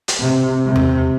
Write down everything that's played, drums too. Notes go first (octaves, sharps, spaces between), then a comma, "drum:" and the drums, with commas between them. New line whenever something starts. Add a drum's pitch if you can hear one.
drum: hi-hat
C3
C3
drum: tom E2